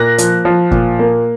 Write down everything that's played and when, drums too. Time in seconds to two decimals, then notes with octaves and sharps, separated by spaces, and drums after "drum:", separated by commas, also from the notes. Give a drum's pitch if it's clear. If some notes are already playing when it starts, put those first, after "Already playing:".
Already playing: A#2 A#3 F#6 A#6
0.18 F3, drum: hi-hat
0.45 F3
0.71 A#2, drum: kick
0.99 A#3